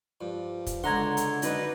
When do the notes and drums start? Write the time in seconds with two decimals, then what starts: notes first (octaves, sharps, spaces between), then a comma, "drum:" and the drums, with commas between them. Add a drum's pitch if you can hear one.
0.21 G2 F3
0.66 drum: kick, hi-hat
0.84 C#2 D3 F#5 A#5 C6 G#6
1.17 drum: hi-hat
1.42 F#2 D3 D#4 B4, drum: hi-hat